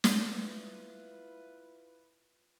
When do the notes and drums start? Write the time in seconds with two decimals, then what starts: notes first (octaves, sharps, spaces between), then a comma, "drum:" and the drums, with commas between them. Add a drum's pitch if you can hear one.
0.04 drum: snare
0.18 E4 F4 B4